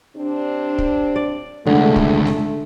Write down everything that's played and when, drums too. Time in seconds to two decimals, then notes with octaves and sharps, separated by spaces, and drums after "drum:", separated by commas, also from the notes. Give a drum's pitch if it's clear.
0.16 C3 C4 D4
0.78 drum: kick
1.16 D5
1.67 D2 D3 G#3 A3
1.96 drum: kick
2.25 drum: snare G3